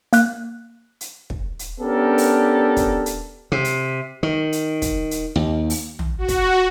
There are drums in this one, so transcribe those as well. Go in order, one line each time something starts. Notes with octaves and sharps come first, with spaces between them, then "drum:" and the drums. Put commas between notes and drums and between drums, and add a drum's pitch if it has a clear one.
A#3 F#6, drum: hi-hat
drum: hi-hat
drum: kick
drum: hi-hat
B3 C#4 D4 G4 A4 A#4
drum: open hi-hat
drum: kick, hi-hat
drum: hi-hat
C3
drum: hi-hat
D#3
drum: hi-hat
drum: kick, hi-hat
drum: hi-hat
D#2
drum: open hi-hat
drum: tom
F#4
drum: kick, hi-hat